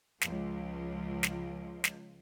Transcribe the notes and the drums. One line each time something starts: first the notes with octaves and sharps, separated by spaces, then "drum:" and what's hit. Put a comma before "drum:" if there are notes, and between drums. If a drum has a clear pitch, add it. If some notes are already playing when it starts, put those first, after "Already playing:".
C#2 F3, drum: snare
drum: snare
drum: snare